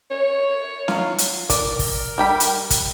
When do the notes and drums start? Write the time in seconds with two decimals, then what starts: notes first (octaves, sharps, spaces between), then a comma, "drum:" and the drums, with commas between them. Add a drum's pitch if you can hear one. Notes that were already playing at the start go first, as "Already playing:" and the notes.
0.11 C#5
0.88 F#3 F4, drum: snare
1.18 drum: hi-hat
1.50 A#4 D5, drum: kick, hi-hat
1.79 drum: kick, open hi-hat
2.18 G3 G5 B5
2.40 drum: hi-hat
2.70 drum: kick, hi-hat